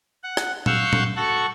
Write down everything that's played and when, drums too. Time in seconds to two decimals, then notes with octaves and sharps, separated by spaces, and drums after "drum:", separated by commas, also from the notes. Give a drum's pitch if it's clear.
0.23 F#5
0.37 drum: rim click
0.66 F5 F#5 C#6 E6 G6, drum: tom A#2
0.93 drum: tom A#2
1.16 F#4 A4 F#5 C#6